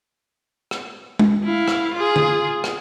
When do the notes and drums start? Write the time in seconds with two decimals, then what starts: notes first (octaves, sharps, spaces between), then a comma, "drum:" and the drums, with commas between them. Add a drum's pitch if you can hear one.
0.71 drum: rim click
1.19 drum: tom G#3
1.44 E4 F5
1.68 drum: rim click
1.94 F4 G#4
2.16 drum: tom D3
2.64 drum: rim click